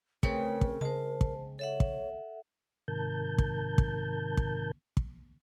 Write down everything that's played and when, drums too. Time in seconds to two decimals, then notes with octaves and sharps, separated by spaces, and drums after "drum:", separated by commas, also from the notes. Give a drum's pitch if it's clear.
0.23 C#3 A3 C4 A#4 B4 C#5, drum: kick
0.61 drum: kick
0.81 C#3 G#3 C5 A5
1.21 drum: kick
1.59 A4 C#5 E5 F#5
1.80 drum: kick
2.88 G#2 C3 D#3 A#4 A5 G6
3.38 drum: kick
3.78 drum: kick
4.37 drum: kick
4.97 drum: kick